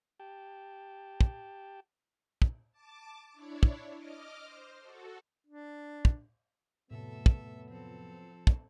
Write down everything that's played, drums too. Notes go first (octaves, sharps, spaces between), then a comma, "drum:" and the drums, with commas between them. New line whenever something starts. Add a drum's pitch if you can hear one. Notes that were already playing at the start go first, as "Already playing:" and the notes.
G4 G5 A5
drum: kick
drum: kick
A5 D6
D4 E4 C#5 D5
drum: kick
D#5 D6 F6
C5
F#4 A4
D4
drum: kick
F2 A2 C3 F#3 A3 B3 A4 E5
drum: kick
F3 C4 A4
drum: kick